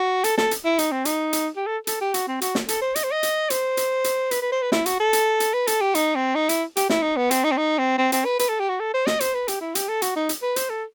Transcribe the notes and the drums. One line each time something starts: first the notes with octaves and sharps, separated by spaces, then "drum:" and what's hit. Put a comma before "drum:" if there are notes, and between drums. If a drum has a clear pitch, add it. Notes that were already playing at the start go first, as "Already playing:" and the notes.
Already playing: F#4
A4, drum: hi-hat
A4, drum: snare
drum: hi-hat
E4
D#4, drum: hi-hat
C4
D#4, drum: hi-hat
drum: hi-hat
G4
A4
A4, drum: hi-hat
G4
F#4, drum: hi-hat
C4
F#4, drum: hi-hat
drum: snare
A4, drum: hi-hat
C5
D#5, drum: hi-hat
C5
D#5
drum: hi-hat
C5, drum: hi-hat
drum: hi-hat
drum: hi-hat
B4, drum: hi-hat
B4
C5
B4
E4, drum: snare
F#4, drum: hi-hat
A4
drum: hi-hat
drum: hi-hat
B4
A4, drum: hi-hat
G4
D#4, drum: hi-hat
C4
D#4
E4, drum: hi-hat
G4, drum: hi-hat
E4, drum: snare
D#4
B3
C4, drum: hi-hat
D#4
C4
D#4
C4
C4
C4, drum: hi-hat
B4
B4, drum: hi-hat
A4
G4
F#4
A4
C5
D#5, drum: snare
C5, drum: hi-hat
B4
G4, drum: hi-hat
E4
G4, drum: hi-hat
A4
F#4, drum: hi-hat
D#4
drum: hi-hat
B4
C5, drum: hi-hat
A4